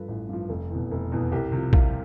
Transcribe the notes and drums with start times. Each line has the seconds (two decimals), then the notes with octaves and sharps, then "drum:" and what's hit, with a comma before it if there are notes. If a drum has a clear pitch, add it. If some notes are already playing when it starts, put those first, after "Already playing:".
Already playing: G2 F3 A4 B4
0.08 A1
0.29 G2 F3
0.49 F1
0.70 E2 B2
0.91 F1
1.12 E2 B2
1.32 C2 G4
1.52 C3 F3
1.73 C2 F4, drum: kick